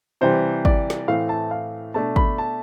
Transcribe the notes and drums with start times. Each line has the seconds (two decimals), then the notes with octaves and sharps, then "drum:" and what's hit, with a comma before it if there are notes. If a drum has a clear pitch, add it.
0.21 C3 E3 G3 C5
0.65 D5, drum: kick
0.90 drum: snare
1.08 A2 E3 A3 C4 F5
1.29 A5
1.51 F5
1.94 B2 A3 D4 A5
2.16 B5, drum: kick
2.38 A5